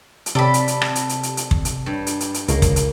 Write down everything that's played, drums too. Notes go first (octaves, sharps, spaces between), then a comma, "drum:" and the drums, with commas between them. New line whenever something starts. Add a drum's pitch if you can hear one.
drum: hi-hat
C3 A4 D5 B5
drum: hi-hat
drum: hi-hat
drum: rim click
drum: hi-hat
drum: hi-hat
drum: hi-hat
drum: hi-hat
drum: kick
drum: hi-hat
G2
drum: hi-hat
drum: hi-hat
drum: hi-hat
C#2 A#3, drum: hi-hat
drum: kick, hi-hat
drum: hi-hat